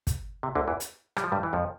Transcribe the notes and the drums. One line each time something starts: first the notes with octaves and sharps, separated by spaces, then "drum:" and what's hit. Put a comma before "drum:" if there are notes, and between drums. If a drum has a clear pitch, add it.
drum: kick, hi-hat
C3
D2 D3
E2 E3
drum: hi-hat
G3, drum: rim click
F3
G2 G3
E3
F2 F3